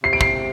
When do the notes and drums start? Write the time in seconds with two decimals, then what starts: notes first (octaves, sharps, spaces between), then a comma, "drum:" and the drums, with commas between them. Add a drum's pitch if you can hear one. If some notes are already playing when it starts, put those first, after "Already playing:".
0.03 C3 C7
0.13 D7
0.21 C7, drum: kick